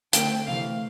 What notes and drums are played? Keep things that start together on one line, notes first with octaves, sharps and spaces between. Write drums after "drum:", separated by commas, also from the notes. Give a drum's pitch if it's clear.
D3 A3 C4 G5, drum: hi-hat
C3 E3 A3 F5